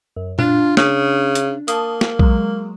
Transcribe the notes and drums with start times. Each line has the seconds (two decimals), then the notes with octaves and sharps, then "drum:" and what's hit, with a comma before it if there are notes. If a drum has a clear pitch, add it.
0.16 F#2
0.39 D4 F4, drum: tom A#2
0.77 C#3, drum: snare
1.35 drum: hi-hat
1.68 A#3 A5 D#6, drum: hi-hat
2.01 drum: snare
2.19 F#3 G#3, drum: kick A#1